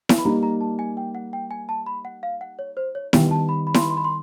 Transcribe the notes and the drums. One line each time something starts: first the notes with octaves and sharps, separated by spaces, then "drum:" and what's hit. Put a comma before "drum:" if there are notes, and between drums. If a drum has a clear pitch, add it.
drum: snare E4
B5
G3 A#3 D#4 A#5
A#5
A5
G#5
G5
F#5
G5
G#5
A5
B5
F#5
F5
F#5
C#5
C5
C#5
D#3 G3 B3 G5, drum: snare E4
A5
B5
B5
C6, drum: snare E4
B5
C6
B5
C6